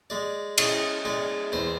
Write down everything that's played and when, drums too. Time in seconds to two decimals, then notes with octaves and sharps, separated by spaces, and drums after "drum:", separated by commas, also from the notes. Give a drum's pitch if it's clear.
0.10 G#3 D5
0.58 C#3 D#5, drum: cymbal
1.05 G#3 D5
1.52 E2 C5